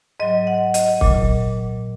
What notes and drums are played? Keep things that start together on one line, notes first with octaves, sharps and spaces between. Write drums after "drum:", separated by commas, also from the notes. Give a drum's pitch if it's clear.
G#2 F#3 D#5
F#5
D#5, drum: hi-hat
A#2 F#3, drum: kick C#1